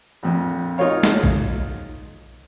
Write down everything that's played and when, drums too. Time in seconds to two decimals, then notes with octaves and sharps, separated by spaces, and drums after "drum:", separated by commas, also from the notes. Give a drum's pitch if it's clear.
0.23 A#1 F2
0.78 D#4 F4 A#4 C#5 F5
1.03 drum: snare
1.24 drum: kick